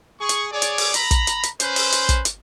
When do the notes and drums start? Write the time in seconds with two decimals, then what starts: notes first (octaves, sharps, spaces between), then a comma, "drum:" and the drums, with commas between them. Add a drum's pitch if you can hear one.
0.20 G#4 C#6
0.29 drum: hi-hat
0.52 G#4 C#5 D5
0.62 drum: hi-hat
0.78 drum: open hi-hat
0.94 A#5 B5, drum: hi-hat
1.11 drum: kick, hi-hat
1.27 drum: hi-hat
1.43 drum: hi-hat
1.60 C#4 B4 C5, drum: hi-hat
1.76 drum: open hi-hat
1.92 drum: hi-hat
2.09 drum: kick, hi-hat
2.25 drum: hi-hat